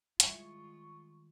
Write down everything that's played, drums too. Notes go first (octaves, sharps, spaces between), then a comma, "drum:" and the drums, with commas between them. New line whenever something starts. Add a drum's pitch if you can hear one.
D#3 G3 G#3 E4 F4 C#5 G#5 C#6, drum: hi-hat